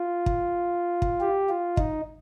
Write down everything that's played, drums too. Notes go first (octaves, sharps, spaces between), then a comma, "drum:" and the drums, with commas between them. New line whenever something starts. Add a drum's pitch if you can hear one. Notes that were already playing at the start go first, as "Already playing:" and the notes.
Already playing: F4
drum: kick
drum: kick
G4
F4
D#4, drum: kick